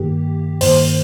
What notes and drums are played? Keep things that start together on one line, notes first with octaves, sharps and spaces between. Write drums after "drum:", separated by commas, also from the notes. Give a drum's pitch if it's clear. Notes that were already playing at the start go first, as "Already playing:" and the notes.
Already playing: G2 D#3 A#3 G4
G2 D#3 A#3 C5, drum: open hi-hat